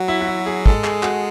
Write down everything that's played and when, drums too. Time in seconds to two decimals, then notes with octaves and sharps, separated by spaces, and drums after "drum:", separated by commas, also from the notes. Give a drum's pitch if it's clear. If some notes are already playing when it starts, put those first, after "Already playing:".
Already playing: F#3 F#4
0.08 E4
0.21 F#4
0.27 E4
0.46 G#4
0.66 G#3 A4, drum: kick
0.84 G#4, drum: clap
1.03 F#4, drum: clap